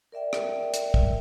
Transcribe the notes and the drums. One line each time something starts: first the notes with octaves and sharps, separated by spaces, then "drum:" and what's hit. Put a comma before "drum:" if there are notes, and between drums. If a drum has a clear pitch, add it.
A#4 D5 E5 G5
drum: rim click
drum: hi-hat
drum: kick